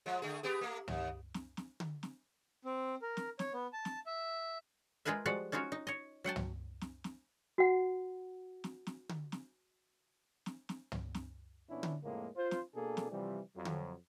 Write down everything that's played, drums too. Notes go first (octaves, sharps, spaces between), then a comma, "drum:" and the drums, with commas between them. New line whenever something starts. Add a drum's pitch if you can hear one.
F3 G#3
D3 A3 G#4
B3 G4 G#4
A3 A#3
D#2, drum: tom
drum: snare
drum: snare
drum: tom D3
drum: snare
C4
A#4
drum: snare
C#5, drum: snare
B3
A5
drum: snare
E5
G#3 F4 G#4 A#4 B4 E5
F3 G3 G#3 F#4 F#5 A5
C#4 D#4 F4 F#4 C#5
D#4
C#5 D#5
F#3 F#5 G5 A5
drum: tom
drum: snare
drum: snare
F#4 F#5
drum: snare
drum: snare
drum: tom D3
drum: snare
drum: snare
drum: snare
drum: tom
drum: snare
A#2 E3 B3 C#4 D4 E4
drum: tom D3
F2 A2 G#3 A#3
F4 C5
drum: snare
B2 A#3 D4 G#4 A4
drum: snare
C3 E3 F3 G3
F2 F#3
drum: tom D3